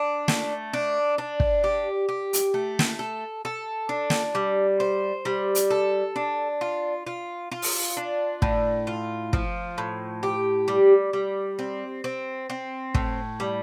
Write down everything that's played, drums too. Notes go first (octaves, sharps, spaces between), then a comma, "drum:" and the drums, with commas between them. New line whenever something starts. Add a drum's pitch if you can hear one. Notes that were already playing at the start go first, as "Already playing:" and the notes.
Already playing: D4
A3, drum: snare
D4
D4
drum: kick
G4
G4
drum: hi-hat
A3
drum: snare
A4
A4
D4
drum: snare
G3
C5
G3
drum: hi-hat
A4
D4
F4
F4
F4
drum: open hi-hat
D4
A2, drum: kick
F4
F3, drum: kick
A2
G4
G3
G3
C4
C4
C4
A2, drum: kick
G3